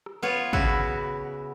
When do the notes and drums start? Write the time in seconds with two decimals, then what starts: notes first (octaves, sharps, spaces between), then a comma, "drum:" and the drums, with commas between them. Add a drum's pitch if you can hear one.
0.06 drum: rim click
0.22 B3 F4 C#5
0.53 C#3 E4 F#4, drum: kick